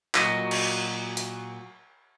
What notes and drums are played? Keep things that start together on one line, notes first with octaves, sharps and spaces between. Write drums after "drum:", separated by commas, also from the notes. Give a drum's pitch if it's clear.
A#2 F#3 F#4 D#5, drum: clap
drum: cymbal
drum: hi-hat